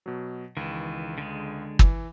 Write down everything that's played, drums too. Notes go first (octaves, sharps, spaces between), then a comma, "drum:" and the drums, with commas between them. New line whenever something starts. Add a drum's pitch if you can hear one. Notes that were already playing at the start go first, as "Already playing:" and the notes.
B2 F#3
C#2 D#3 E3
D3 G#3
E3, drum: kick